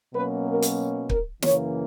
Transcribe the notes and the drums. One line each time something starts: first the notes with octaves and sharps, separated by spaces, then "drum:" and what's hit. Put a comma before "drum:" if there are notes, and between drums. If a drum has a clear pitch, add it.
B2 F#3 A#3 C#4 B4
A#4
drum: hi-hat
A#4, drum: kick
F#2 C#3 E3 A#3 C#5, drum: snare